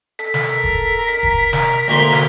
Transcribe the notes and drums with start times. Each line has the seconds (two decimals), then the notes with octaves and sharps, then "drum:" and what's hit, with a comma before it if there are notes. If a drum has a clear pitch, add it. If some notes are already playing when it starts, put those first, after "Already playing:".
0.19 A4 B6, drum: hi-hat
0.34 drum: snare
0.49 A#4, drum: hi-hat
0.64 drum: kick E1
0.99 A#5
1.08 drum: hi-hat
1.23 drum: kick E1
1.53 drum: snare
1.68 drum: hi-hat
1.88 D2 A#3 C6
1.97 drum: hi-hat
2.12 drum: snare